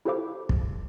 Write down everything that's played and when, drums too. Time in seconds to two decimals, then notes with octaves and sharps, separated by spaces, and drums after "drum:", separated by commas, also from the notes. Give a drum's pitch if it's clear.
0.05 E4 G4 A4 C5 F5 D6
0.49 drum: kick